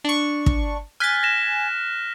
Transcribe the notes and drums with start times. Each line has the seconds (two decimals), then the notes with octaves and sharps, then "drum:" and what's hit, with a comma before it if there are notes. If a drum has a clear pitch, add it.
0.04 D4 C#6
0.46 drum: kick
1.00 G#5 F6 F#6 A6 B6
1.23 A#6 E7